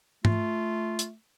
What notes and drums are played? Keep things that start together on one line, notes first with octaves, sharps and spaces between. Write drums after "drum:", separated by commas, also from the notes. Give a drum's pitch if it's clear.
A3 F4, drum: tom
drum: hi-hat